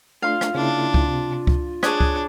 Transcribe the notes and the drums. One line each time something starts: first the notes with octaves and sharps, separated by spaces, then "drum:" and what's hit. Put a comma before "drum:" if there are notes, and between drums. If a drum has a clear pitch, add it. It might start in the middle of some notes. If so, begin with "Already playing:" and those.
A3 D4 F4 F5 C6
drum: rim click
C#3 A#3 D4 E4
drum: kick C#2
C3
drum: kick C#2
D4 G#4 C#5 D#6 F#6 G#6, drum: rim click
drum: kick C#2